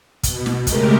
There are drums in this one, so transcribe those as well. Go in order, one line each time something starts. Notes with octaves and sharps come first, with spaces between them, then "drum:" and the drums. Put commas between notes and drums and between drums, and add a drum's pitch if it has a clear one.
B2, drum: kick, hi-hat
drum: snare
C#3 G#3 A3 G4 A#4, drum: kick, hi-hat